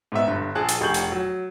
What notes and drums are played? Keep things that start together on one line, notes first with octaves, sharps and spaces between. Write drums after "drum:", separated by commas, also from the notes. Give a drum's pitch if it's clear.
G#2 B3 E5
G1 G2
A#1 G#4 A5 F#6
drum: hi-hat
F1 G#4 C#6 G6 F#7
drum: hi-hat
F#3